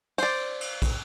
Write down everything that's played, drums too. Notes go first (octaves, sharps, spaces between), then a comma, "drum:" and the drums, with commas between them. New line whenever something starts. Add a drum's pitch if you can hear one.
C5 D5, drum: cymbal
drum: cymbal
drum: kick, cymbal